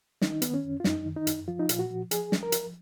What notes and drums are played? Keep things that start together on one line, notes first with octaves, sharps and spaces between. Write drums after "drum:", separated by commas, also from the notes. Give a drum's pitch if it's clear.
D#3 D#4, drum: snare
D#3 B3, drum: hi-hat
C#4
F#2
F4
F#2 D#4, drum: snare
D#3
D#4
F#2, drum: hi-hat
F3 F4
D#4
A#2 F4, drum: hi-hat
F#4
F3
F3 G#4, drum: hi-hat
F3, drum: snare
A#4
F3, drum: hi-hat